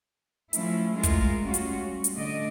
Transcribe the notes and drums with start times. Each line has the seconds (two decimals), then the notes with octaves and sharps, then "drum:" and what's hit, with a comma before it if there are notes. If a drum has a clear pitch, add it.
0.53 F3 A3 C#4 E4, drum: hi-hat
0.94 G#3 A3 F4 A#4
1.03 drum: kick, hi-hat
1.40 G3 G#3 C#4 F4 F#4
1.54 drum: hi-hat
1.78 G3
2.04 drum: hi-hat
2.15 D3 A3 D5 D#5